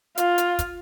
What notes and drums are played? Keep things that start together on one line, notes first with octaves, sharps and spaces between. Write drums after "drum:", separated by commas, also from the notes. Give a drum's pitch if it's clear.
F4, drum: hi-hat
drum: hi-hat
drum: kick, hi-hat